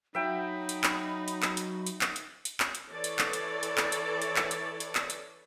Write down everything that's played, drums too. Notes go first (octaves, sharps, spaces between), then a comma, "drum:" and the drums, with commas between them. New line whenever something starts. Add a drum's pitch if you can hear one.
F#3 D#4 E5 G5 B5
drum: hi-hat
drum: clap
drum: hi-hat
drum: clap
drum: hi-hat
drum: hi-hat
drum: clap
drum: hi-hat
drum: hi-hat
drum: clap
drum: hi-hat
E3 A4 C#5 D5
drum: hi-hat
drum: clap
drum: hi-hat
drum: hi-hat
drum: clap
drum: hi-hat
drum: hi-hat
drum: clap
drum: hi-hat
drum: hi-hat
drum: clap
drum: hi-hat